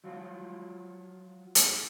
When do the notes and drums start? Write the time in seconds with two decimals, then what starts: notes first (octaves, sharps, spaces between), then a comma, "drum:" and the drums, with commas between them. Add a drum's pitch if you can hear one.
0.04 F3 F#3 F4 F#4
1.55 drum: hi-hat